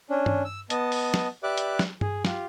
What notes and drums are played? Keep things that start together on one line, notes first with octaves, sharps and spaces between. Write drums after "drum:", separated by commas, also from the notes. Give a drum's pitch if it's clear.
C#4 D4
drum: tom G2
E6
B3 D#5 A5, drum: hi-hat
drum: open hi-hat
drum: snare
G4 B4 D5 E5 D6 F#6
drum: hi-hat
drum: snare
G#4, drum: tom G2
F4 G4, drum: snare